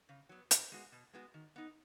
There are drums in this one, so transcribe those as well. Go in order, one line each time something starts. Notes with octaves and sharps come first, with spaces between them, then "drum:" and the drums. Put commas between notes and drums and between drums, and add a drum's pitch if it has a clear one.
C#3
F#3 B3
B2, drum: hi-hat
G#3 B3 F#4
B2
G#3 B3 F#4
D#3
B3 D#4